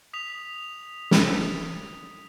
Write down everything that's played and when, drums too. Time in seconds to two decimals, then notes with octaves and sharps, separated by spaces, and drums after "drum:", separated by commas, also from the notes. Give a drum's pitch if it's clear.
0.13 D#6 B6 F7
1.11 drum: snare